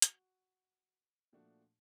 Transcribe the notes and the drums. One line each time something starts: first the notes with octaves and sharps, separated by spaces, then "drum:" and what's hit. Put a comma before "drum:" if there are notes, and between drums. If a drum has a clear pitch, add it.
F#4, drum: hi-hat
A#2 F3 A3 D4 F#4